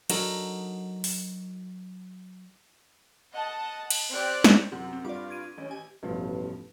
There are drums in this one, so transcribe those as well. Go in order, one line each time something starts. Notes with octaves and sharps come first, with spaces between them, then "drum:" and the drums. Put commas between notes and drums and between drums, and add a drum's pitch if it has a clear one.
F#3 D4 D#4 F#4 A4 A#4, drum: cymbal
drum: open hi-hat
D#5 F#5 A5
drum: cymbal
C4 G4 D5 F#6
drum: snare
F#2 C3 C4 F#5
C4
G2 F4 D5 D6
G#6 D7 D#7
A1 C#4
G4 G#5
A1 G2 B2 F3